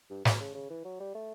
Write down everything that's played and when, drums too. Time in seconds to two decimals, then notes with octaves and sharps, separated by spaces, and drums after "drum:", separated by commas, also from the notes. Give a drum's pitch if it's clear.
0.10 G2
0.25 B2, drum: snare
0.40 C#3
0.55 C#3
0.70 E3
0.85 F#3
1.00 G3
1.15 A3